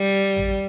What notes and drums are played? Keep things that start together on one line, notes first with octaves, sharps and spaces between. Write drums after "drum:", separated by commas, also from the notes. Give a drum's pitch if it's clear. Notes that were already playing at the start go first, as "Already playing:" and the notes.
Already playing: G3
drum: tom A1